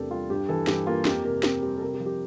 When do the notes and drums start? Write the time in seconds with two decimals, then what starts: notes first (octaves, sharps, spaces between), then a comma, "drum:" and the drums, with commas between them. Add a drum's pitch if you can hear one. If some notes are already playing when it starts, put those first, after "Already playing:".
Already playing: E2 C3 A3 D4 G4 A4 A#4
0.11 G3 F4
0.30 G2 G4
0.49 E3 A4
0.67 G2 G4, drum: snare
0.87 A#3 F4
1.05 F2 G4, drum: snare
1.24 C3 A#4
1.43 C4 G4, drum: snare
1.62 G3 G4
1.77 A4
1.81 C3 A#4
1.94 G4
2.00 F3
2.06 G4